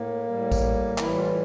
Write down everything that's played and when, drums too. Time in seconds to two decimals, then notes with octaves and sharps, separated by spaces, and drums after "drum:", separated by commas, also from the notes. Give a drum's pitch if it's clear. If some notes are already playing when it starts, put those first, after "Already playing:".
Already playing: A2 A#3
0.28 A2 G3
0.52 drum: kick A1, tambourine
0.98 A2 E3 G3 E4, drum: clap
1.15 F4